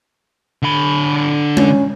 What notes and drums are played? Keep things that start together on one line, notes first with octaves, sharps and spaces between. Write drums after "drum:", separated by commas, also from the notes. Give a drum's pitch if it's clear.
D3 B5
C#4, drum: tom G#3